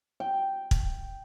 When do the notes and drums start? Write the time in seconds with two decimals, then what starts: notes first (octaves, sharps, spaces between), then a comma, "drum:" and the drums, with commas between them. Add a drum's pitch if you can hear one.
0.20 G5
0.71 drum: kick